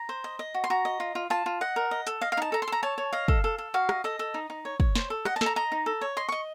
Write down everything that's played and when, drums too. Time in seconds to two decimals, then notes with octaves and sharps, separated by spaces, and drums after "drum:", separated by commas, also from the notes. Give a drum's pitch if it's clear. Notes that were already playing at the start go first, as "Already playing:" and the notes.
Already playing: A#5
0.09 C5
0.24 D#5
0.39 D#5
0.54 F#4
0.64 C6
0.70 F#4 A#5
0.85 D#5
1.00 F4
1.15 F4
1.30 F4 A5
1.46 F4
1.61 D#5 F#5
1.76 A#4
1.91 D#5
2.07 A4, drum: hi-hat
2.21 D#5 F5
2.32 F5
2.37 D#4 A5
2.52 A4 A#5
2.62 C6
2.68 A4 A#5
2.83 C#5 A5
2.98 C#5
3.13 D#5 F5
3.28 A4, drum: kick
3.44 A4
3.58 A4
3.74 F#4 F5
3.89 D#5, drum: rim click
4.04 A4 D#5
4.19 A4
4.34 D#4
4.50 D#4
4.65 C#5
4.80 C#5, drum: kick
4.95 C5, drum: snare
5.10 A4
5.25 D#5 F#5, drum: rim click
5.36 A5
5.41 A4, drum: snare
5.46 A#5
5.56 D#5 A#5
5.72 D#4
5.86 A4
6.01 C#5
6.17 D#5 C6
6.29 D#5 C#6